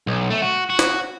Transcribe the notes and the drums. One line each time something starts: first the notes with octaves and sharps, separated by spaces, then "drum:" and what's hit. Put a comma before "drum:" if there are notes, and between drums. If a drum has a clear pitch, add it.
B1
A3
F#4
F#4
drum: snare